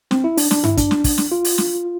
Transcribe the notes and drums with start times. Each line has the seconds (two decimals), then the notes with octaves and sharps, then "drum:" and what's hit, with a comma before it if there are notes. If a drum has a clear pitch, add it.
0.11 C4, drum: snare
0.24 E4
0.37 D4, drum: open hi-hat
0.51 D4, drum: snare
0.64 E4, drum: tom G2
0.77 D4, drum: kick, hi-hat
0.91 drum: snare
1.04 drum: kick, open hi-hat
1.18 drum: snare
1.32 F4
1.45 drum: open hi-hat
1.58 drum: snare